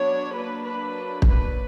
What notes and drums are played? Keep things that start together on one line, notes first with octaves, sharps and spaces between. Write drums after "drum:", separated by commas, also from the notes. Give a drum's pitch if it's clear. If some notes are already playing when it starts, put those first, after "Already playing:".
Already playing: F#3 B3 D4 C#5
F#3 A#3 D4 B4
B4
B4, drum: kick